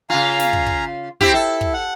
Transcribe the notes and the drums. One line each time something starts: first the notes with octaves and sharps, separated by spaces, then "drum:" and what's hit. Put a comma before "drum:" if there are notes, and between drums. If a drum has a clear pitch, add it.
C#3 F4 F5 G#5 A#5
drum: snare
drum: kick
drum: kick
C4 E4 G4, drum: kick
E4 A4
drum: kick
F#5